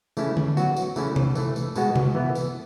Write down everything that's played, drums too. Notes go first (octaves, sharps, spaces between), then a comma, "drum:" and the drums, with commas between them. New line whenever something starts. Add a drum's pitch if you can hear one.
C#3 E3 A3 C#4 E4, drum: tambourine
drum: tom D3
F#3 B3 F#4, drum: tambourine
drum: tambourine
C#3 E3 A3 C#4 E4, drum: tambourine
drum: tom C3
E3 A3 E4, drum: tambourine
drum: tambourine
B2 G#3 B3 F#4, drum: tambourine
drum: tom C3
E3 B3 E4
drum: tambourine